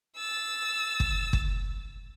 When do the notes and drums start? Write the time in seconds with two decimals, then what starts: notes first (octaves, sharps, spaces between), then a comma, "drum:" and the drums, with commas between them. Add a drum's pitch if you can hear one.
0.17 E6 A6
1.00 drum: kick
1.33 drum: kick